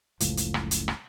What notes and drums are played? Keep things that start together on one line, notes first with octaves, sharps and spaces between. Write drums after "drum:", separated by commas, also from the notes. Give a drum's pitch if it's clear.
F#1 C#2 A2 F3, drum: hi-hat
drum: hi-hat
drum: rim click
drum: hi-hat
drum: rim click